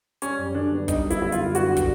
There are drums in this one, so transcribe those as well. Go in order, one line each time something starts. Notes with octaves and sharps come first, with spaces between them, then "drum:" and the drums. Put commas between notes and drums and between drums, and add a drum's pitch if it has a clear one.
G3 C#4, drum: hi-hat
F#2
D3 D4
B3
G3 D#4, drum: kick, hi-hat
F#2
E4, drum: hi-hat
D3 E4
F4, drum: hi-hat
B3
G3 F#4, drum: hi-hat
drum: kick, hi-hat